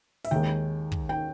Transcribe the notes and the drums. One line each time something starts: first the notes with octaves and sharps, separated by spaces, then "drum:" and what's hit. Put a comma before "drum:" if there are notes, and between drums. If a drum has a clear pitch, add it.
E5, drum: open hi-hat
D#2 D#3 G#3 G5
drum: kick
G5